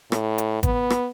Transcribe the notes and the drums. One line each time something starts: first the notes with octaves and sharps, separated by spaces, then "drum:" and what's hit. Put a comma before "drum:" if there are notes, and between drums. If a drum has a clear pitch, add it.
A2, drum: rim click
drum: hi-hat
B3, drum: kick G#1, hi-hat
drum: rim click